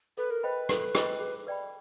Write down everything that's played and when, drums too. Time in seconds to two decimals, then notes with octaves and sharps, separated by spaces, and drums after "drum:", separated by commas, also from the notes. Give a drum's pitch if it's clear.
0.18 A4 B4
0.30 A#4
0.43 B4 C5 D#5 G5 B5
0.69 A4, drum: rim click
0.95 C5 D#5 G5 B5, drum: rim click
1.20 G#4
1.47 B4 D5 G5 B5